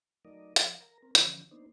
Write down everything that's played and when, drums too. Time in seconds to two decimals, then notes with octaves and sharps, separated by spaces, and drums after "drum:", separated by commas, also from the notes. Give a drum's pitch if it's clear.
0.25 F#3 A3 D#4 A#4 D5 D#5
0.56 F3, drum: hi-hat
0.81 A#4 A#5
1.02 C4 A#4
1.15 D3 E3 F3 C#4, drum: hi-hat
1.51 A#3 B3 D4 D#4 C5